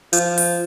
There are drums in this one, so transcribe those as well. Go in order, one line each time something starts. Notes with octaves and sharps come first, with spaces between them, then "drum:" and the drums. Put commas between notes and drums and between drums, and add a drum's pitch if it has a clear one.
F3, drum: hi-hat
drum: open hi-hat